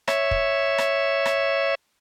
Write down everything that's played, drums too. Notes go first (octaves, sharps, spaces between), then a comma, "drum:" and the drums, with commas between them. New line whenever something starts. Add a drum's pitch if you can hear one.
C#5 E5, drum: rim click
drum: kick
drum: rim click
drum: rim click